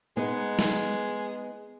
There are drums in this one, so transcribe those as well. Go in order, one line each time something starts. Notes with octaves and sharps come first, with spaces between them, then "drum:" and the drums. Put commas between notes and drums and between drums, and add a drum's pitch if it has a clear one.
G#3 B3 D#4
drum: snare